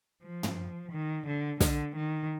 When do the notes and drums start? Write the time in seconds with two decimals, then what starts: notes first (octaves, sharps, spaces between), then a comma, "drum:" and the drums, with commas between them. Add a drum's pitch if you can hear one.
0.23 F3
0.43 drum: tom
0.92 D#3
1.27 D3
1.60 D3, drum: snare
1.96 D#3